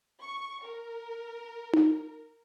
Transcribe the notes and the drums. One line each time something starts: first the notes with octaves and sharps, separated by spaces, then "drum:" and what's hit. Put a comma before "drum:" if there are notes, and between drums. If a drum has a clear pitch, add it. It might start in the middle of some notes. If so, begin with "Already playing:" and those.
C#6
A#4
drum: tom D#4